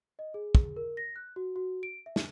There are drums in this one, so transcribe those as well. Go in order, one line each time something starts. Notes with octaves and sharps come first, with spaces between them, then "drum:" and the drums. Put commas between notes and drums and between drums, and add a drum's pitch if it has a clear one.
D#5
G#4
drum: kick
A#4
A#6
F#6
F#4
F#4
D7
E5
drum: snare